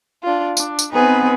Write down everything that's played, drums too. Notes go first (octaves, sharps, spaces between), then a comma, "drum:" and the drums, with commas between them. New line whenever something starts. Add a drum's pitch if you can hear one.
D4 F4
D4, drum: tambourine
drum: tambourine
B3 C4 D#4 G#4 B4